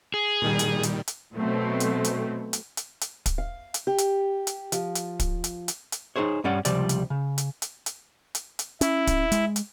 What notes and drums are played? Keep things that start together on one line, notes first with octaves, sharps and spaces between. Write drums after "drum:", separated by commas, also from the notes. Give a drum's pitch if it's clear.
G#4
A#2 D#3 G3
drum: hi-hat
drum: hi-hat
drum: hi-hat
B2 F#3 A3 C4
drum: hi-hat
drum: hi-hat
drum: hi-hat
drum: hi-hat
drum: hi-hat
drum: kick, hi-hat
F5
drum: hi-hat
G4
drum: hi-hat
drum: hi-hat
F3, drum: hi-hat
drum: hi-hat
drum: kick, hi-hat
drum: hi-hat
drum: hi-hat
drum: hi-hat
D#4 E4 G#4 C5 C#5
G2 G3 C#4 D5 F#5
C#2 C3 F3 G3 D5, drum: hi-hat
drum: hi-hat
C#3
drum: hi-hat
drum: hi-hat
drum: hi-hat
drum: hi-hat
drum: hi-hat
C#4 E4, drum: hi-hat
drum: kick, hi-hat
G#3, drum: hi-hat
drum: hi-hat